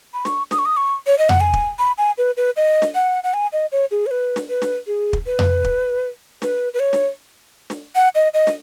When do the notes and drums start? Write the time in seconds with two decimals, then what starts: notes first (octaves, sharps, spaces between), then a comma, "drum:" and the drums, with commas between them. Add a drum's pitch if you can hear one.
0.14 B5
0.25 C#6, drum: snare
0.51 D#6, drum: snare
0.58 C#6
0.65 D#6
0.77 C#6
1.07 C#5
1.18 D#5
1.29 F#5, drum: tom F2
1.40 G#5
1.53 drum: kick
1.79 B5
1.98 G#5
2.18 B4
2.37 B4
2.56 D#5
2.82 drum: snare
2.95 F#5
3.24 F#5
3.34 G#5
3.52 D#5
3.72 C#5
3.91 G#4
4.06 C#5
4.11 B4
4.36 drum: snare
4.49 B4
4.62 drum: snare
4.87 G#4
5.13 drum: kick
5.26 B4
5.39 drum: tom F2
5.64 drum: kick
6.42 B4, drum: snare
6.74 B4
6.80 C#5
6.93 drum: snare
7.70 drum: snare
7.95 F#5
8.15 D#5
8.34 D#5
8.47 drum: snare